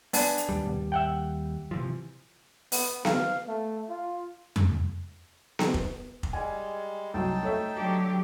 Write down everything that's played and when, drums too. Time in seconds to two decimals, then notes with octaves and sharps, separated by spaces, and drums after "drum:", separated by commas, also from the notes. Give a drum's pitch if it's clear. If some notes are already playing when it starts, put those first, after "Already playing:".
0.13 B3 D4 G#5, drum: open hi-hat
0.38 drum: hi-hat
0.49 D#2 G3
0.92 E5 F#5 G5
1.71 C3 E3 F3
2.72 B3, drum: open hi-hat
3.05 F5, drum: snare B3
3.47 A3
3.89 F4
4.56 drum: tom F2
5.59 drum: snare B3
5.74 drum: kick F1
6.23 drum: kick F1
6.33 G3 G#3 G#5
7.14 C2 F#3 D#4 G5 A5
7.43 A3 C#5 E5
7.74 D3 F#3 G4